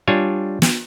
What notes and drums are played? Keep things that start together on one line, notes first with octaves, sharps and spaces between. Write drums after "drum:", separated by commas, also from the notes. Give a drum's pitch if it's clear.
G3 D4 F4 C#5 G#5
drum: snare